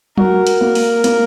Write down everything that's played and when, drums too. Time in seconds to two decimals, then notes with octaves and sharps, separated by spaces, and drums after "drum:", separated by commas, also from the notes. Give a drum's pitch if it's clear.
0.18 F#4 A#4, drum: tom F#3
0.47 drum: hi-hat
0.61 A#3
0.75 drum: open hi-hat
1.04 A#3, drum: hi-hat